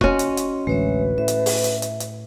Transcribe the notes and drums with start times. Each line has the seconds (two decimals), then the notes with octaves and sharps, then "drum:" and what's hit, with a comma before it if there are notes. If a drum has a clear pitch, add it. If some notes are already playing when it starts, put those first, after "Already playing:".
0.01 C#4 F#4 D#5 C6, drum: kick E1
0.19 drum: hi-hat
0.37 drum: hi-hat
0.67 A1 D2 G#3 B4 C#5 E5
1.18 A2 E5
1.28 drum: hi-hat
1.46 drum: open hi-hat
1.64 drum: hi-hat
1.82 drum: hi-hat
2.00 drum: hi-hat